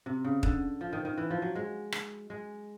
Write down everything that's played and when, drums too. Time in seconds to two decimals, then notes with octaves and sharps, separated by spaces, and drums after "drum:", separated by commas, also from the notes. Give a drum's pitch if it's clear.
0.06 C3
0.25 C#3
0.43 D3, drum: kick
0.81 F3
0.93 D#3
1.05 D#3
1.18 E3
1.30 F3
1.42 F#3
1.55 G#3
1.92 drum: rim click
2.30 G#3